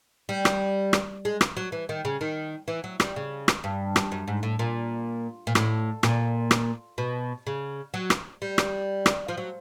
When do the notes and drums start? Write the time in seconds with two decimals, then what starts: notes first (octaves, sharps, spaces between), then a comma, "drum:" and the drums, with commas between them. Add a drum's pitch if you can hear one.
0.29 G3
0.45 drum: rim click
0.93 drum: rim click
1.25 G#3
1.41 drum: rim click
1.57 F#3
1.72 E3
1.89 D#3
2.05 C#3
2.21 D#3
2.68 E3
2.84 F#3
3.00 G3, drum: rim click
3.16 C#3
3.48 drum: rim click
3.64 G2
3.96 drum: rim click
4.12 F#2
4.28 G#2
4.43 A2
4.59 A#2
5.47 A#2
5.55 A2, drum: rim click
6.03 A#2, drum: rim click
6.51 drum: rim click
6.98 B2
7.47 C#3
7.94 F#3
8.10 drum: rim click
8.42 G3
8.58 drum: rim click
9.06 drum: rim click
9.28 F3
9.38 F#3